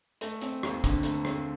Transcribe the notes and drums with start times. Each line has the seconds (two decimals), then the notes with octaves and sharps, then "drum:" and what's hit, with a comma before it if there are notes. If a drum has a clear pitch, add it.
0.21 A3, drum: hi-hat
0.42 C4, drum: hi-hat
0.63 D#2, drum: rim click
0.84 D3, drum: kick, hi-hat
1.03 A3, drum: hi-hat
1.25 C4, drum: rim click